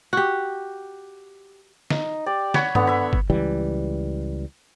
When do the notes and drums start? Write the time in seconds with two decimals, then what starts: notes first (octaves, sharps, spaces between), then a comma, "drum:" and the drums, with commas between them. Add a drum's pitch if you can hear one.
0.13 F#4 G4
1.90 D#4, drum: snare
2.26 G4 D5
2.54 C#5 F#5 B5, drum: snare
2.75 D3 B3, drum: tom G2
2.87 E5 B5
3.13 drum: kick
3.30 C#2 E3 G3